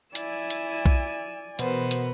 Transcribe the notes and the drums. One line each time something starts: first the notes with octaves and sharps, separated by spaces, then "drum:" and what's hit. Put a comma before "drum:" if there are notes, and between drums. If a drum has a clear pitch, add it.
E4 D5 G#5 E6, drum: hi-hat
drum: hi-hat
drum: kick B1
B2 E3 B3 A#4 C5, drum: hi-hat
drum: hi-hat